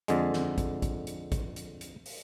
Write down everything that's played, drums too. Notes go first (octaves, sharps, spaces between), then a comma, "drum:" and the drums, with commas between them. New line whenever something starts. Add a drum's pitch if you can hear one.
F2 D3 G#3, drum: hi-hat
drum: snare
drum: kick A1, hi-hat
drum: kick A1, hi-hat
drum: hi-hat
drum: kick A1, hi-hat
drum: hi-hat
drum: hi-hat
drum: open hi-hat